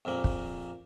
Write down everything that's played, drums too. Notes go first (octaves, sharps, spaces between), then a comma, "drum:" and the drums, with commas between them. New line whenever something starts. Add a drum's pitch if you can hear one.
A#1 F2 A#2 A#3
drum: kick